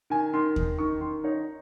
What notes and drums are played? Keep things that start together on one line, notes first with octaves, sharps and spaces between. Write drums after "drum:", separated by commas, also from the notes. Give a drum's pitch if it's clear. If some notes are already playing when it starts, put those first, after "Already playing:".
D#3 G#5
D#3 C6
D#4, drum: kick D#2
D#3 C#6
D#3 C6
D#4 C#5